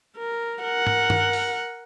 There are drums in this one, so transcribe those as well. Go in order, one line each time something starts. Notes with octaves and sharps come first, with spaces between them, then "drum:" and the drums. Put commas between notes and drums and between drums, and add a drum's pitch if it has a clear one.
A#4
A#4 F#5
drum: tom G#2
drum: tom G2
drum: open hi-hat